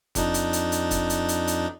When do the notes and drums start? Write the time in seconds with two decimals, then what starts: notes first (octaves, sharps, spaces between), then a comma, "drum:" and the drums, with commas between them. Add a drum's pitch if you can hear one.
0.15 F2 D4 D#4, drum: kick, hi-hat
0.34 drum: hi-hat
0.53 drum: hi-hat
0.72 drum: hi-hat
0.91 drum: kick, hi-hat
1.10 drum: hi-hat
1.29 drum: hi-hat
1.47 drum: hi-hat